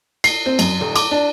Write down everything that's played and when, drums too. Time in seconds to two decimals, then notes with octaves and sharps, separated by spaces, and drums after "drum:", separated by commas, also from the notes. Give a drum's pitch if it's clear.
0.24 C7, drum: cymbal
0.46 C4
0.59 F#2, drum: cymbal
0.81 D#1
0.96 D6, drum: cymbal
1.11 D4